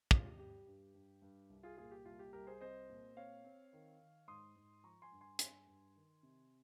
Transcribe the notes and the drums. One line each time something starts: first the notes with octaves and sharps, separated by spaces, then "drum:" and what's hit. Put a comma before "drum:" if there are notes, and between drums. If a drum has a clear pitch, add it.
C3 F4 G#4, drum: kick
G4
G3 G4
G2
G2
G2
C2
F4 G#4
A#2 F4 G#4
G4
C2 F4
G4
C2 G4 A#4
G#4 C5
C4 C5 D#5
A#2
C4 C#5 F5
C4
D#3
D#3
G#2 C6 D#6
G#2
F3 A#5 C#6
G#5 C6
G2
G#5 C6
G2 G#5 C6, drum: hi-hat
G2
D#3
C3